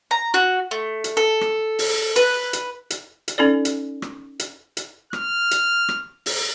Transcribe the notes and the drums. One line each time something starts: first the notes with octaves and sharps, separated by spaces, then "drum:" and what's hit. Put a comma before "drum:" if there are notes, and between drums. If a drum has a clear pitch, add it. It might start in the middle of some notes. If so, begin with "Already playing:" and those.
A#5
F#4
A3
drum: hi-hat
A4
drum: rim click
drum: open hi-hat
B4, drum: hi-hat
drum: hi-hat
drum: hi-hat
drum: hi-hat
C#4 D#4 A4 D5
drum: hi-hat
drum: rim click
drum: hi-hat
drum: hi-hat
F6, drum: rim click
drum: hi-hat
drum: rim click
drum: open hi-hat